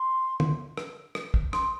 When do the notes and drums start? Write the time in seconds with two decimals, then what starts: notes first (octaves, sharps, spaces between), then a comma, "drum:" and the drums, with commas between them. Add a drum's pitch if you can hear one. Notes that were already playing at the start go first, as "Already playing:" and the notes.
Already playing: C6
0.40 drum: tom
0.77 drum: rim click
1.15 drum: rim click
1.34 drum: kick
1.53 C6, drum: rim click